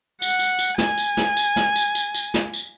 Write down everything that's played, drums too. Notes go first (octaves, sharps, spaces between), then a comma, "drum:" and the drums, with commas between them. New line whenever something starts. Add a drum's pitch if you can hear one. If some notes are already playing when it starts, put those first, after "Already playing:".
F#5, drum: tambourine
drum: tambourine
drum: tambourine
G#5, drum: snare
drum: tambourine
drum: snare
drum: tambourine
drum: snare
drum: tambourine
drum: tambourine
drum: tambourine
drum: snare
drum: tambourine